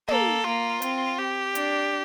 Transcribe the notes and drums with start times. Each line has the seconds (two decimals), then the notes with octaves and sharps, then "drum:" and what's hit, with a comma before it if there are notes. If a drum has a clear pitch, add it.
0.08 A#3 A4, drum: tom
0.45 A#3 F4
0.82 C4, drum: hi-hat
1.19 G4
1.55 D4, drum: hi-hat